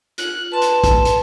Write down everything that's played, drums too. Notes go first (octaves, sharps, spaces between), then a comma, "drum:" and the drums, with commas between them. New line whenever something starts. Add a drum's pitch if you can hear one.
F4 F#6, drum: hi-hat
B4 A5 C6
drum: hi-hat
drum: kick, hi-hat
drum: hi-hat